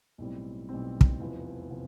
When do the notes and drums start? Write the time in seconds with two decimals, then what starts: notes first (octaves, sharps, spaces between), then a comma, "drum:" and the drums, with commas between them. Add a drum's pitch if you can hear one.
0.18 B1 A2 G3 C4
0.69 B1 A2 G3 C4
1.01 drum: kick
1.20 F1 E2 C3 F3
1.71 C3 F3